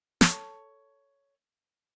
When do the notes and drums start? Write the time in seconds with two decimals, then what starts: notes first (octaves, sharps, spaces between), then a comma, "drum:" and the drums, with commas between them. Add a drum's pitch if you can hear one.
0.21 A4 C#5, drum: snare